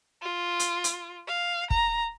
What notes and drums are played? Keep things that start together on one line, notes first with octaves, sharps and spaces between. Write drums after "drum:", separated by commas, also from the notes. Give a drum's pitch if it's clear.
F4
drum: hi-hat
drum: hi-hat
F5
A#5, drum: kick